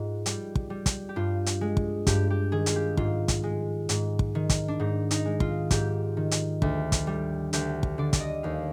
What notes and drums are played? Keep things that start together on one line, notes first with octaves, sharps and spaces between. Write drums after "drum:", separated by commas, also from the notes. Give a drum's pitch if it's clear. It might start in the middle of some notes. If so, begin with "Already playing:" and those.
Already playing: G#2 F4
G3, drum: hi-hat
drum: kick
G3
drum: kick, hi-hat
G4
G2 F4
drum: hi-hat
G#3
drum: kick
G2 G4, drum: kick, hi-hat
G4
D#3 G#4
F4, drum: hi-hat
G4
G#2 F4, drum: kick
drum: kick, hi-hat
G#3
G#2, drum: hi-hat
drum: kick
D#3
drum: kick, hi-hat
D4
G#2 D#4
D#4, drum: hi-hat
G#3
F4, drum: kick
G#2 G4, drum: kick, hi-hat
D#3
drum: hi-hat
D2, drum: kick
drum: kick, hi-hat
G3
D2 G4, drum: hi-hat
drum: kick
D3 D5
D5, drum: kick, hi-hat
D#5
D#2 F5